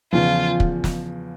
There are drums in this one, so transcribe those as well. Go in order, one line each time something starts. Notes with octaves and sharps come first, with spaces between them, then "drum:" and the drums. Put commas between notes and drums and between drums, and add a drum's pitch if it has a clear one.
E2 C#3 F3 F4
drum: kick
drum: snare